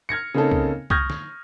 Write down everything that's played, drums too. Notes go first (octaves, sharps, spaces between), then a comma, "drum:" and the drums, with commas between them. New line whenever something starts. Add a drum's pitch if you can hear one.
F6 G#6 A#6 C#7
C#3 A#3 C4 D#4 A4
drum: kick C2
C#6 D#6 F6 G6 G#6 A#6, drum: kick C2
drum: snare